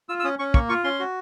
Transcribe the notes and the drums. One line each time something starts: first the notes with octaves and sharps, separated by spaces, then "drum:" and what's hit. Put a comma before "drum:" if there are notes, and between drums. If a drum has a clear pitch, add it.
F4 E6
E6
C#4 D#6
C#4 C#6
A#3 C#6, drum: kick
F4 C#6
C#4 C6
F#4